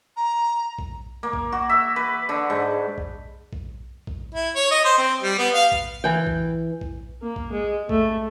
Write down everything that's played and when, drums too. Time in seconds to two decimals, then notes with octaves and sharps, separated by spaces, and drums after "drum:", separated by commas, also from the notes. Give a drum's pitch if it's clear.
0.17 A#5
0.79 drum: kick A#1
1.23 A#3
1.33 drum: kick A#1
1.52 F#4
1.69 E5
1.96 B4
2.29 D3
2.50 G#2
2.98 drum: kick A#1
3.53 drum: kick A#1
4.07 drum: kick A#1
4.34 E4
4.55 C#5
4.71 D#5
4.85 C5
4.98 C4
5.22 G3
5.38 B3
5.54 F5
5.72 drum: kick A#1
6.04 E3 G5
6.27 drum: kick A#1
6.81 drum: kick A#1
7.23 A#3
7.36 drum: kick A#1
7.52 G#3
7.89 A3, drum: kick A#1